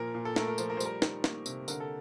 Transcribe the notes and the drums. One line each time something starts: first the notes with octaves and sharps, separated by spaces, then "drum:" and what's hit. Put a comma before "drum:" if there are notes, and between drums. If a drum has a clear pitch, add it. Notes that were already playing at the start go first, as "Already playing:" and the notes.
Already playing: A#2 F3 A#4
A#2
A4
A3 A#4, drum: snare
A#4
F3 C5, drum: tambourine
A#4
C5
G3, drum: tambourine
A#4
D#3, drum: snare
A#3, drum: snare
C3, drum: tambourine
D3 A#4, drum: tambourine
A4